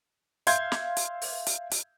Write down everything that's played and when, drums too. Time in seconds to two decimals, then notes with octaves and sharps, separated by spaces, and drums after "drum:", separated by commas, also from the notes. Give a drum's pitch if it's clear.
0.47 E5 F5 C6 G6 G#6, drum: hi-hat
0.72 drum: snare
0.97 drum: hi-hat
1.22 drum: open hi-hat
1.46 drum: hi-hat
1.71 drum: hi-hat